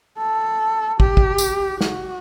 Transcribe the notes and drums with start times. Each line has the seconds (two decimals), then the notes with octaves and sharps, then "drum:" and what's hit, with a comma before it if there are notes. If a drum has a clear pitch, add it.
0.18 A4
1.00 G4, drum: kick
1.17 drum: kick
1.38 drum: tambourine
1.81 F#4, drum: snare